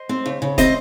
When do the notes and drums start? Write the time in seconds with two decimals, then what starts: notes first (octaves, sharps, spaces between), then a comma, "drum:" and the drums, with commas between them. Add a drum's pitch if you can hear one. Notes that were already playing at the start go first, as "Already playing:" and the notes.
Already playing: C5 D#5
0.09 C4
0.26 C#3
0.42 C#3
0.58 C4 C5 D#5, drum: kick, hi-hat